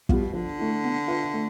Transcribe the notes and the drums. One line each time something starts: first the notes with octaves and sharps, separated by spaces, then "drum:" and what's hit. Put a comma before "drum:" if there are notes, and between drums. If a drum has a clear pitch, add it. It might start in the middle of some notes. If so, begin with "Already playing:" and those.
B2 G3 B3 F4, drum: kick
D3 F3
A3 E4
B3
F4 B4 E5
A3